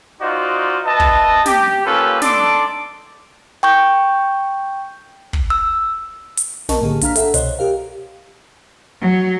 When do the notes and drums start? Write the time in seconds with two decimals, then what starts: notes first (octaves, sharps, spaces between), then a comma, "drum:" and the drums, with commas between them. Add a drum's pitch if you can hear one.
0.22 D#4 F4 F#4 C5 D5 D#5
0.86 B4 D#5 E5 A5
1.00 drum: kick
1.46 G4, drum: snare
1.86 A#3 C#4 F4 G4 A4 B4
2.22 D4 D#4 A4 D5 C6 D6, drum: snare
3.63 G5 C#6 G6
5.33 drum: kick
5.50 E6
6.37 drum: hi-hat
6.69 B1 A#4 D#5 A5 C#6, drum: snare
6.82 A2 D3 A#3 G4 G#4
7.01 B1 D4 F5 A#5 F6 B6, drum: hi-hat
7.16 A4 E5 F#5, drum: hi-hat
7.34 C2 B2 C5 C#5 D#5 F#6, drum: hi-hat
7.59 G4 A#4 F5
9.01 F#3